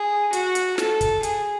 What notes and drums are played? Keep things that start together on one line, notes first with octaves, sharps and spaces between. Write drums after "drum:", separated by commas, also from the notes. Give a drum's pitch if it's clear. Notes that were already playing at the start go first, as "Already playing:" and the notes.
Already playing: G#4
F#4, drum: hi-hat
drum: hi-hat
A4, drum: snare
drum: kick, hi-hat
G#4, drum: hi-hat